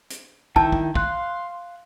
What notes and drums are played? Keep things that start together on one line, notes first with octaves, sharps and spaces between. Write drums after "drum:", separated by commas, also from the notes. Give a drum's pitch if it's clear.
drum: hi-hat
D#3 E4 G5 A5, drum: kick
drum: kick
F5 C6 F#6, drum: kick